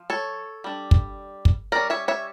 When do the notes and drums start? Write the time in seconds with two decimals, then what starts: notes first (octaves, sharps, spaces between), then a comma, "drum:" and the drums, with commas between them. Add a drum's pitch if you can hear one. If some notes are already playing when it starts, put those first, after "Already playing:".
Already playing: F3
0.10 A4 C#5
0.64 G3 D4
0.91 drum: kick
1.45 drum: kick
1.72 G3 C#4 A#4 D5
1.90 C#5 E5
2.08 C#5 E5